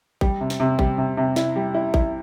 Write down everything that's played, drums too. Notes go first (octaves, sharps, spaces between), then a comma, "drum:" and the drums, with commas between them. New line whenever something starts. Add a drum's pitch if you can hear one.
G3, drum: kick A1
C3
drum: snare
C3
G3, drum: kick A1
C3
C3
E4, drum: snare
G3
E4
E4, drum: kick A1